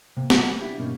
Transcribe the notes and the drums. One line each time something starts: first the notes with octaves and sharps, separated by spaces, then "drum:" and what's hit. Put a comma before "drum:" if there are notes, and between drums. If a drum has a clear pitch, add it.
C3 A#3
G3 F#4 B4, drum: snare
D4 E4 G4
G2 B2 D3 A#3 C#4 D#4